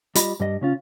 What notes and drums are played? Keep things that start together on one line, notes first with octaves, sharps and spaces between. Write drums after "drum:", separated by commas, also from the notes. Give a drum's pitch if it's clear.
G3 F4 D#5 B5, drum: hi-hat
G2 G3 D#5
C#3 C#4 F4